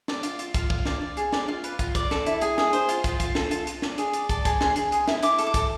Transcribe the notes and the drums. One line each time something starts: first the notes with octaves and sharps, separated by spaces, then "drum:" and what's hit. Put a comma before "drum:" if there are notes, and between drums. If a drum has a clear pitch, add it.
D5, drum: snare
F4, drum: hi-hat
F4, drum: hi-hat
F4 F5, drum: kick, hi-hat
F4, drum: kick
D5, drum: snare
D5
G#4, drum: hi-hat
D5, drum: snare
F4 F5
B4, drum: hi-hat
F4, drum: kick, hi-hat
D5, drum: kick, hi-hat
A4, drum: snare
E4, drum: hi-hat
G#4 G#5, drum: hi-hat
G#4, drum: snare
C5, drum: hi-hat
F4, drum: hi-hat
F4, drum: kick, hi-hat
F4, drum: kick, hi-hat
A4, drum: snare
F4, drum: hi-hat
F4, drum: hi-hat
D5, drum: snare
G#4, drum: hi-hat
D5, drum: hi-hat
D5 A5, drum: kick, hi-hat
G#4 A5, drum: kick, hi-hat
G#4 C6, drum: snare
G#4, drum: hi-hat
G#4, drum: hi-hat
E4, drum: snare
E4 D6, drum: hi-hat
A4, drum: hi-hat
D6
A4, drum: kick, hi-hat